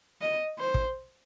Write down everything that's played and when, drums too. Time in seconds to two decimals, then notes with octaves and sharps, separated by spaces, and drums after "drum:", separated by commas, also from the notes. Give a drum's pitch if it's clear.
0.21 D#5
0.59 C5
0.74 drum: kick